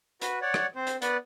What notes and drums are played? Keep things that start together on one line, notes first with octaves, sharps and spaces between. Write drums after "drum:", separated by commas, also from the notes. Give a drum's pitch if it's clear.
F#4 B4, drum: hi-hat
C#5 D5 F#5
drum: rim click
C4 C5
drum: hi-hat
B3 B4 D5 F#5, drum: hi-hat